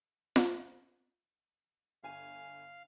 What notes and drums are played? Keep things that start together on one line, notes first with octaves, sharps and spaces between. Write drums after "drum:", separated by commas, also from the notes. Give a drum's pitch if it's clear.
drum: snare F4
G1 F5 G#5 D#7